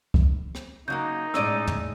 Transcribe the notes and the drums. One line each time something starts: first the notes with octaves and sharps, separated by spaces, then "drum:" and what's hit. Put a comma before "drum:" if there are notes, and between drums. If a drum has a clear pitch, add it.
drum: kick C2
drum: rim click
C#3 F#3 A#3 D#4 G6
A2 G#3 C#4 D5 E6 D#7, drum: rim click
drum: tom